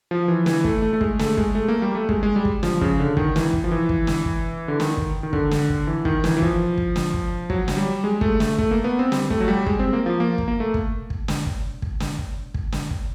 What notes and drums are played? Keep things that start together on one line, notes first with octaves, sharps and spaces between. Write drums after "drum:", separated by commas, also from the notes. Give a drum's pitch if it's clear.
F3
E3
E3, drum: snare
A3, drum: kick
A3
A3
G#3, drum: kick
A3, drum: snare
G#3, drum: kick
A3
A#3
G3
A3
G#3, drum: kick
G#3
G3
drum: kick
F3, drum: snare
C#3, drum: kick
D3
D#3, drum: kick
E3, drum: snare
drum: kick
F3
E3
drum: kick
drum: snare
drum: kick
D3
D#3, drum: snare
drum: kick
D#3
D3, drum: kick
drum: snare
drum: kick
E3
D#3, drum: kick
E3, drum: snare
E3
F3, drum: kick
drum: kick
drum: snare
drum: kick
F#3, drum: kick
drum: snare
G3
G#3
A3, drum: kick
A3, drum: snare
A3, drum: kick
A#3
B3
C4
G3, drum: snare
A3, drum: kick
F#3
G3
G#3, drum: kick
C4
A#3
F3
A#3
drum: kick
A#3
A3
drum: kick
drum: kick
drum: snare
drum: kick
drum: kick
drum: snare
drum: kick
drum: kick
drum: snare
drum: kick